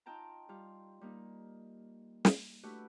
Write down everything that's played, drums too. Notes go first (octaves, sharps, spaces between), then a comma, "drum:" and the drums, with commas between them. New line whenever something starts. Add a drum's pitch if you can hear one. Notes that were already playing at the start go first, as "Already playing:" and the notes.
D#4 F4 G5 A5 A#5
G3 F4
G3 A#3 D#4
drum: snare
A3 D4 E4 F#4 G4 B4